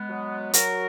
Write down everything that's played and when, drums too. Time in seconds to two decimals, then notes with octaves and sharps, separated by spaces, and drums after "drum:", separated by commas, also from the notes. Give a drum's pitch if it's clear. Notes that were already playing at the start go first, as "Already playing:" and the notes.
Already playing: G#3 B3
0.09 F#3
0.53 F#3 F#4 A#4, drum: hi-hat